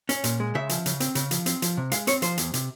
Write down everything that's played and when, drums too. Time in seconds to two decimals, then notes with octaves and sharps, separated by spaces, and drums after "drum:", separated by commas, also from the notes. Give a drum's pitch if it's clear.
0.09 C#4, drum: hi-hat
0.24 A#2, drum: hi-hat
0.40 G#3
0.55 C#3 E5
0.69 F3, drum: hi-hat
0.86 C#3, drum: hi-hat
1.00 C4, drum: hi-hat
1.15 C#3, drum: hi-hat
1.31 F3, drum: hi-hat
1.46 C4, drum: hi-hat
1.62 F3, drum: hi-hat
1.77 C3
1.91 G#3 F5, drum: hi-hat
2.07 C4 C#5, drum: hi-hat
2.22 F3 C5, drum: hi-hat
2.38 E2, drum: hi-hat
2.54 C3, drum: hi-hat